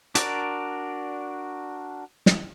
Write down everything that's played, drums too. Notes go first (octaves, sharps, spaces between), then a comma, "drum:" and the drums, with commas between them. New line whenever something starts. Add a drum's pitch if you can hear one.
D4 F#4 A#4 D5, drum: hi-hat
drum: snare